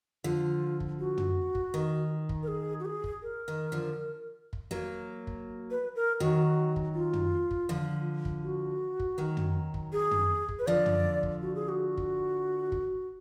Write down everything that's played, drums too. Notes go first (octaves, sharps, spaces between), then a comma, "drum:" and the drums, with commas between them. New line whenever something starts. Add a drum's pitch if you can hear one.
D3 F3 F4
drum: kick
F#4
drum: tom
drum: kick
D#3
drum: kick
A#4
G#4
F#4
G#4
drum: kick
A#4
D#3
D3 F3
drum: kick
F#3 A#3
drum: kick
B4
A#4
D#3 F#3 F#4
drum: kick
F4
drum: tom
drum: kick
D3 F3
drum: kick
F#4
drum: kick
D#3 F#3
drum: tom
drum: kick
G#4
drum: tom
drum: kick
B4
D3 F3 D5
drum: tom
drum: kick
F#4
G#4
F#4
drum: kick
drum: kick